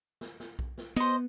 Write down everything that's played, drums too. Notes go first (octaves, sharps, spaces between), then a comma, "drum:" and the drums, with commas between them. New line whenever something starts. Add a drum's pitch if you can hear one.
drum: snare
drum: snare
drum: kick B1
drum: snare
B3 C5 D#5